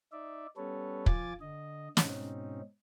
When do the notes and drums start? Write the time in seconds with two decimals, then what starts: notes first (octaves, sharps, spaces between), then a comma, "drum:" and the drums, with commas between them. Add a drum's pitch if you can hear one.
0.12 D#4 D5 E5
0.57 G3 B3 C#4 A4 B4 C#5
1.06 F3 F4 G#5 D6 A6, drum: kick
1.41 D3 D#5
1.97 G#2 B2 C4 C#4 D#4, drum: snare